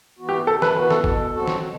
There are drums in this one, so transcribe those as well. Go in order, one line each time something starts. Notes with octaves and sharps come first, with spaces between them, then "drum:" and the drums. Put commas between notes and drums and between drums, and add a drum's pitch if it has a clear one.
E3 B3 F#4
G4
C3 A4
B4, drum: snare
E3 B3 F#4 B4
A4, drum: snare
B2, drum: kick G#1
F#3 C4 F#4 A4
drum: snare
B2